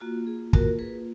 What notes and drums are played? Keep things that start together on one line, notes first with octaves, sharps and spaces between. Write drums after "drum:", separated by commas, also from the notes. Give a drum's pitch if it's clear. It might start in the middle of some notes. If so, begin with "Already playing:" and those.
A#3 F4 F#4
G#4
F#4 A#4, drum: kick
G#4 B4